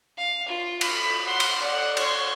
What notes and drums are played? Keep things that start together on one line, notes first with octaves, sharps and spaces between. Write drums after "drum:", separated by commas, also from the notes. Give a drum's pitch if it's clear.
F5
F4
B5, drum: cymbal
F#5 C6
drum: cymbal
D5 F#5
C#5 C6, drum: cymbal